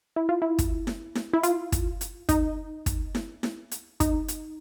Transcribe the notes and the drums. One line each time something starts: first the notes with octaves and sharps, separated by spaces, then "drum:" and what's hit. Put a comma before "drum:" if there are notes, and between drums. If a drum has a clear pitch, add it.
E4
F4
E4
drum: kick, hi-hat
drum: snare E4
drum: snare E4
E4
F4, drum: hi-hat
drum: kick, hi-hat
drum: hi-hat
D#4, drum: kick, hi-hat
drum: kick, hi-hat
drum: snare E4
drum: snare E4
drum: hi-hat
D#4, drum: kick, hi-hat
drum: hi-hat